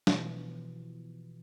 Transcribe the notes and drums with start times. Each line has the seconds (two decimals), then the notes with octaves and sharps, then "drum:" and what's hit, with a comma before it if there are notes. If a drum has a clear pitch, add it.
0.07 B2 E3 F3, drum: snare